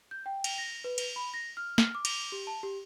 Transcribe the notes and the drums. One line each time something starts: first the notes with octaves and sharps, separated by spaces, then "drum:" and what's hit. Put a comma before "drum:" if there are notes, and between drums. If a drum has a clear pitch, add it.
G6
G5
drum: cymbal
A#6
B4
drum: cymbal
B5
A#6
F6
F6, drum: snare
D6
drum: cymbal
G4
A5
G4